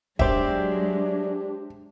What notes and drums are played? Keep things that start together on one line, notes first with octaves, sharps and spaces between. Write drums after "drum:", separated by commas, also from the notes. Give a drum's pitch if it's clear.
F#3 G#3 D4 G4 C5 D5 E5, drum: kick D#1